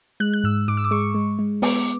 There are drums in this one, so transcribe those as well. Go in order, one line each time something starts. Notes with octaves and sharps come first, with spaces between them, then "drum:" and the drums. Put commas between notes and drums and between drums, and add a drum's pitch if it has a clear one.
G#3 F#6
F#6
G#2 E6
G#2 D6
E6
D6
G#3 C#6
G#3
G#3
B3 D6, drum: open hi-hat